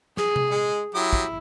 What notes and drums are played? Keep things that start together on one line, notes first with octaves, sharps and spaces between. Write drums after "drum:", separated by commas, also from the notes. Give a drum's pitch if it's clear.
G#4, drum: snare
drum: tom C3
G#3
F#3 E4 G4 D#6
drum: kick